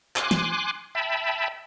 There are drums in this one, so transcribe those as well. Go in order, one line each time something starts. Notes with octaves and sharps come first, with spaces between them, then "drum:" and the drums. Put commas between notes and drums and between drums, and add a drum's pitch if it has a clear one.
G#5 C6 D6 F#6, drum: clap
drum: snare
E5 G5 A5 B5